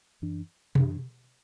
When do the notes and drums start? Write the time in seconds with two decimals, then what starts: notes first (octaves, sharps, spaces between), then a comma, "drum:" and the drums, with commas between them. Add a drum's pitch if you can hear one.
0.22 F#2 E3 D4
0.75 F#2 E3 D4, drum: tom B2